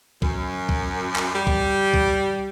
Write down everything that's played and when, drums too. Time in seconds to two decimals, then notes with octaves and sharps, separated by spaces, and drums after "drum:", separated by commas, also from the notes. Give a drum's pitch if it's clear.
0.22 F#2, drum: kick
0.69 drum: kick
1.16 drum: clap
1.35 G3
1.47 drum: kick
1.94 drum: kick